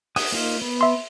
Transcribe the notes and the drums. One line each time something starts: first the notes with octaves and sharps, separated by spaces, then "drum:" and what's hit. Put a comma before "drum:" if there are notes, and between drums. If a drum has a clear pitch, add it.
F#5 G#5 D#6, drum: open hi-hat
A#3 D#4 F4
B3
E5 C6